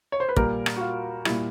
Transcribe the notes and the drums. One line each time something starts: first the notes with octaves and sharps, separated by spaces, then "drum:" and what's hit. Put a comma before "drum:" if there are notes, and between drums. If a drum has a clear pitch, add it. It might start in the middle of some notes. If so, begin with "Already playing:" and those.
C#5
C5
B4
A#2 G3 A#4, drum: kick
drum: rim click
F#4
F4
A#2 G3 E4, drum: rim click